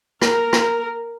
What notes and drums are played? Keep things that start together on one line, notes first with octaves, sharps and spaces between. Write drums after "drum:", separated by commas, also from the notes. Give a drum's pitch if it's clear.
A#4, drum: rim click
drum: rim click